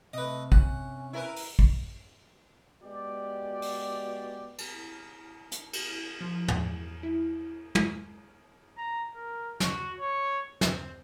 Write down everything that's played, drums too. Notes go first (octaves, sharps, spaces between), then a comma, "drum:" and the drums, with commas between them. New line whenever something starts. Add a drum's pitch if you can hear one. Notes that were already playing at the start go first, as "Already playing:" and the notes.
C3 A3 B4 D#5
C#4 F#5, drum: kick
E4 A#4 B4
drum: open hi-hat
drum: kick
G#3 B3 F#4 G4 D5
drum: open hi-hat
drum: cymbal
drum: hi-hat
drum: cymbal
F3
E2, drum: tom
E4
drum: tom
A#5
A#4
F#4, drum: snare
C#5
C4, drum: snare